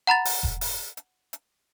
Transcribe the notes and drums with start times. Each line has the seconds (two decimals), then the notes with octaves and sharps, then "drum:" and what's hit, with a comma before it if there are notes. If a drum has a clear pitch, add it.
0.07 F#5 A#5 B5 A6
0.25 drum: open hi-hat
0.43 drum: kick E1
0.61 drum: open hi-hat
0.97 drum: hi-hat
1.33 drum: hi-hat